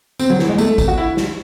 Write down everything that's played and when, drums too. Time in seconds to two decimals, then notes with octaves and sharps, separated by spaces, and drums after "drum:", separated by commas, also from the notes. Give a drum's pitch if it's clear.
0.19 C4, drum: tambourine
0.30 F#3
0.39 E3, drum: snare
0.49 G#3
0.58 A3, drum: tambourine
0.78 drum: kick, tambourine
0.88 F#4
0.98 E4
1.17 drum: snare